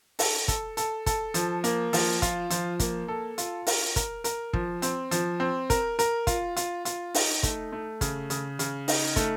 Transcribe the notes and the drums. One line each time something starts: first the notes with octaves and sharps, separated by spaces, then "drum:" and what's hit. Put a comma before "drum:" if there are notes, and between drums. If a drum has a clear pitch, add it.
A4, drum: open hi-hat
A4, drum: kick, hi-hat
A4, drum: hi-hat
A4, drum: kick, hi-hat
F3, drum: hi-hat
A#3, drum: hi-hat
F3, drum: open hi-hat
F4, drum: kick, hi-hat
F3, drum: hi-hat
A#3, drum: kick, hi-hat
A4
F4, drum: hi-hat
A#4, drum: open hi-hat
A#4, drum: kick, hi-hat
A#4, drum: hi-hat
F3, drum: kick
C4, drum: hi-hat
F3, drum: hi-hat
C4
A#4, drum: kick, hi-hat
A#4, drum: hi-hat
F4, drum: kick, hi-hat
F4, drum: hi-hat
F4, drum: hi-hat
D#4, drum: open hi-hat
A3, drum: kick, hi-hat
A3
C#3, drum: kick, hi-hat
C#3, drum: hi-hat
C#3, drum: hi-hat
D#4, drum: open hi-hat
A3, drum: kick, hi-hat